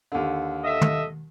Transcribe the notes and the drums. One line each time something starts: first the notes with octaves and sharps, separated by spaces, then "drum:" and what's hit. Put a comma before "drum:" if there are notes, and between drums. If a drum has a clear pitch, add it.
D#2 D3
A4 D#5 E5
drum: tom